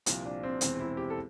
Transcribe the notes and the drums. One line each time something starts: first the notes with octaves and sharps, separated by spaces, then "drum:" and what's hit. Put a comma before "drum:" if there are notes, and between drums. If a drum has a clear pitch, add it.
C2 A#2 F3, drum: hi-hat
D4
C4
E1 E2 C3 C4, drum: hi-hat
E4
G4
A4